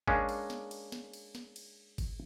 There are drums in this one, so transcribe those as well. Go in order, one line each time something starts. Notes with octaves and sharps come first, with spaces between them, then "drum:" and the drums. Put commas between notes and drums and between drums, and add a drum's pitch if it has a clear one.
G#3 A#3 C#4 D4, drum: kick G#1
drum: cymbal
drum: snare
drum: cymbal
drum: snare
drum: cymbal
drum: snare
drum: cymbal
drum: kick G#1, cymbal